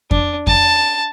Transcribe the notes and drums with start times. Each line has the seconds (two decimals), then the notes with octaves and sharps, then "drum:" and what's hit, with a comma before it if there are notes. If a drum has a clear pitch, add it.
0.11 D4, drum: kick F2
0.47 A5, drum: kick F2